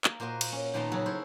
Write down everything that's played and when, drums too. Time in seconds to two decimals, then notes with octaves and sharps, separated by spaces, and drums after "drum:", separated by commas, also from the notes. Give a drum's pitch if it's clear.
0.04 A#3, drum: clap
0.20 A#2 A#3 F#4 C5 D#5
0.41 drum: cymbal
0.52 C#4
0.74 A#2 D#3 B3 A5 A#5 C6
0.92 C#3 F#3 G#4 A4
1.06 E4 C5 C#5